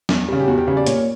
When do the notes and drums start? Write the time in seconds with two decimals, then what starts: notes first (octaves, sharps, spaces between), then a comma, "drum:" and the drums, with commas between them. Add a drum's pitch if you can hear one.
0.09 E2, drum: snare
0.28 C#3 G3
0.40 G4
0.48 E2 F#4
0.58 G4
0.67 C#3 G3 C#5
0.77 D5
0.86 A#2 C#5, drum: hi-hat